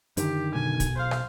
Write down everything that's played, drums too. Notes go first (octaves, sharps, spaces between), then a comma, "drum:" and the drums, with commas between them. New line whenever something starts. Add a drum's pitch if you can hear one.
F#2 D3 D#3 G4, drum: hi-hat
B1 G#5
drum: kick, hi-hat
C5 F5
drum: rim click